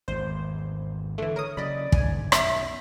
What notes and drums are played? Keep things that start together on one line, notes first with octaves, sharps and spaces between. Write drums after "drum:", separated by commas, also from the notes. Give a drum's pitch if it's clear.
G#1 E2 C5
D3 E3 A3
A#4 C#5 D#6
C#3 F#3 D5 D#5 B5
G1 G#2 G#5, drum: kick
B1 F#2 E5, drum: rim click